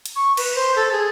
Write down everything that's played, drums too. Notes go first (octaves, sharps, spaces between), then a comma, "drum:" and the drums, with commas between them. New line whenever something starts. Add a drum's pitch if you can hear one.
drum: hi-hat
C#6
B4, drum: cymbal
C5
A4
G#4